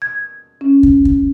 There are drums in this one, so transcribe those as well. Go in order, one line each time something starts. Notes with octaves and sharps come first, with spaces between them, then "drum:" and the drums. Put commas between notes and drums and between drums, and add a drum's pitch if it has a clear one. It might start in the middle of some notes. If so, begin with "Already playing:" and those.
G#6
C#4
drum: kick
drum: kick